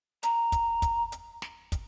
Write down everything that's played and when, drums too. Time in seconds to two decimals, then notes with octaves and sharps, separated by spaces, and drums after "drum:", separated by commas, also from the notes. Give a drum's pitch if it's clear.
0.23 A#5, drum: hi-hat
0.52 drum: kick, hi-hat
0.82 drum: kick, hi-hat
1.12 drum: hi-hat
1.42 drum: snare
1.72 drum: kick, hi-hat